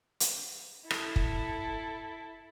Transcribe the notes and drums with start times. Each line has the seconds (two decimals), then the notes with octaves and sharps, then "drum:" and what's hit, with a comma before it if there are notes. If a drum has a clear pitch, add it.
0.20 drum: hi-hat
0.91 E4 A4, drum: rim click
1.16 drum: kick